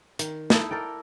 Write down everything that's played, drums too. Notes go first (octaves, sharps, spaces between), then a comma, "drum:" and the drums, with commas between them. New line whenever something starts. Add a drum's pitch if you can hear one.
D#3, drum: hi-hat
D#4 E4 A4, drum: snare
A4 A#4 D5 G5